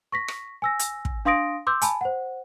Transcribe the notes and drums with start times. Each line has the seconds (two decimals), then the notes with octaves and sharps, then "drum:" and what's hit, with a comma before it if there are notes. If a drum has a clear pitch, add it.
0.12 C#6 A#6 B6
0.28 drum: rim click
0.62 G#5 E6 A#6
0.79 drum: hi-hat
1.05 drum: kick
1.25 D4 F5 C6 D#6 A#6 D7
1.67 C6 D6 E6 G6
1.82 G#5 A5 B5, drum: hi-hat
2.01 C5 F#5